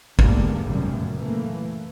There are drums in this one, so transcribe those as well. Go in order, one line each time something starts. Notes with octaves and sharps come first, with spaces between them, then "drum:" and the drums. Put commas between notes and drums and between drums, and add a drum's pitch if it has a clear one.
E2 G#2 D3 G3 A3 A#3, drum: kick
F1 F#2 A#2 C#3 G3
E3 A3 A#3